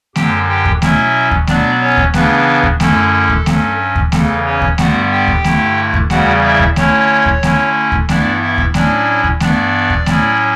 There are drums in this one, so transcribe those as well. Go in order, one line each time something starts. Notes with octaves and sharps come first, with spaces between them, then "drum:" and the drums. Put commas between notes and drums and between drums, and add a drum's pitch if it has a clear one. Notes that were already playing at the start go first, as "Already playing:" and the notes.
F#2 D3 F#3 G4 G5, drum: snare A3
G4 G5
drum: kick D2
B2 F#3 C#4 E4 E5, drum: snare A3
drum: kick D2
B2 F#3 B3 D4 D5, drum: snare A3
C#4 C#5
drum: kick D2
C#3 E3 B3 D4 B4, drum: snare A3
drum: kick D2
F#2 D3 A3 C#4 E4 A4, drum: snare A3
drum: kick D2
G2 F#3 C#4, drum: snare A3
drum: kick D2
E2 C#3 E3 A4, drum: snare A3
C#4 C#5
drum: kick D2
G2 D3 G3 B3 F#4 F#5, drum: snare A3
G4 G5
drum: kick D2
G2 D3 A3 E4, drum: snare A3
drum: kick D2
E2 C#3 E3 G3 F#4 F#5, drum: snare A3
E4 E5
drum: kick D2
D3 A3 C#4 E4 C#5, drum: snare A3
drum: kick D2
D3 A3 C#4 E4, drum: snare A3
drum: kick D2
G2 E3 B3 D4 E4 D5, drum: snare A3
E4 E5
drum: kick D2
A2 F#3 C#4 D4 E4 D5, drum: snare A3
drum: kick D2
G2 E3 B3 D4 D5, drum: snare A3
drum: kick D2
A2 F#3 C#4 E4, drum: snare A3